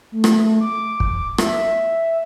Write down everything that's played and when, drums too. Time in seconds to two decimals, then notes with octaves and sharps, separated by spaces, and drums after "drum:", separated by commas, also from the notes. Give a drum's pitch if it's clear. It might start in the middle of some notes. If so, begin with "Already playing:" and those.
0.12 A3
0.24 drum: rim click
0.61 D6
1.00 drum: kick
1.38 E5, drum: rim click